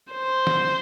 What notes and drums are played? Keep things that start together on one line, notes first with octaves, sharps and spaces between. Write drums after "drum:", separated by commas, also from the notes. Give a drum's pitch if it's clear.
C5
drum: snare